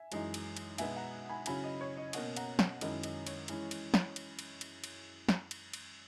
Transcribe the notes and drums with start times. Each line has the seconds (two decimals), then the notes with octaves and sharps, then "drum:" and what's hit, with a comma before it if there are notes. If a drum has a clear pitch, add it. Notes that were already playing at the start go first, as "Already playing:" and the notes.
Already playing: E5 G#5
0.12 F#2 E3 G#3 D#4, drum: cymbal
0.34 drum: cymbal
0.57 drum: cymbal
0.78 B2 G#3 B3 D#4 E5 G#5, drum: cymbal
0.96 F#5 A#5
1.29 G#5 B5
1.46 C#3 F#3 C#4 E4 G#5 B5, drum: cymbal
1.63 D#5
1.81 C#5
1.97 D#5
2.13 B2 A#3 C#4 D#5 F#5, drum: cymbal
2.36 F#5 A#5, drum: cymbal
2.59 drum: snare
2.81 F#2 D#3 G#3 C#4 E4 D#5, drum: cymbal
3.03 D#5, drum: cymbal
3.27 C#5, drum: cymbal
3.48 E3 G#3 C#4 E4, drum: cymbal
3.71 drum: cymbal
3.94 drum: snare
4.16 drum: cymbal
4.39 drum: cymbal
4.61 drum: cymbal
4.84 drum: cymbal
5.29 drum: snare
5.51 drum: cymbal
5.73 drum: cymbal